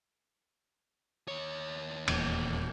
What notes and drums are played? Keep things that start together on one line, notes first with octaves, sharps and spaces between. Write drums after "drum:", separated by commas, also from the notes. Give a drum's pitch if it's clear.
D#2 C#5
D#1 E2 A#2, drum: cymbal